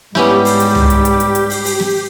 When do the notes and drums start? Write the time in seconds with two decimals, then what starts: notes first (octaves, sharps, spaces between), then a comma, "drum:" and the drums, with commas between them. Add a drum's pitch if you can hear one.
0.15 G#2 G3 B3 C#4 E4 G4, drum: snare
0.45 drum: open hi-hat
0.60 drum: hi-hat
0.75 drum: tom
0.90 drum: hi-hat
1.05 drum: hi-hat
1.20 drum: hi-hat
1.35 drum: hi-hat
1.50 drum: open hi-hat
1.65 drum: open hi-hat
1.80 drum: snare